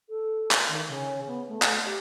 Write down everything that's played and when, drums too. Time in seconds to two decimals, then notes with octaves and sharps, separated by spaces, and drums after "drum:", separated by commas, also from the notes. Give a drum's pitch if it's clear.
0.09 A4
0.51 drum: clap
0.68 D#3
0.88 C#3
1.27 B3
1.48 A3
1.62 drum: clap
1.85 G4